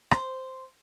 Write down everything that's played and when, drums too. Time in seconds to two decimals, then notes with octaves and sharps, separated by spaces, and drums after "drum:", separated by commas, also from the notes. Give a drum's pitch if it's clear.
0.11 C5, drum: rim click